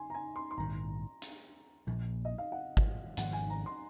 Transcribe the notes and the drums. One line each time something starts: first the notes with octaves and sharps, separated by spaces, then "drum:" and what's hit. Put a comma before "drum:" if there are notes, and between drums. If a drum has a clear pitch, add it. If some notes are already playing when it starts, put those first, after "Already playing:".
Already playing: G#5 C6
A#5
G#5
C6
C6
A#1 G#2 D#3 A#5
drum: hi-hat
A#1 A#2 F3
D#5
F5
F#5
drum: kick
G#1 G#2 F3 F#5, drum: hi-hat
G#5
A#5
C6